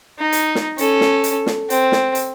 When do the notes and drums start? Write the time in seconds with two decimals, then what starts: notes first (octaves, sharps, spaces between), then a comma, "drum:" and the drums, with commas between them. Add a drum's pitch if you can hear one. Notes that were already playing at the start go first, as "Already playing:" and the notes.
0.19 D#4
0.32 drum: hi-hat
0.55 drum: snare
0.78 C#4 A4, drum: hi-hat
1.01 drum: snare
1.24 drum: hi-hat
1.46 drum: snare
1.70 C4, drum: hi-hat
1.92 drum: snare
2.15 drum: hi-hat